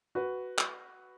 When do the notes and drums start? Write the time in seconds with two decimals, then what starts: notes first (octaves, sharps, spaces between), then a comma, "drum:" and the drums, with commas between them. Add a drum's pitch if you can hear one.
0.15 F#4 B4
0.58 drum: clap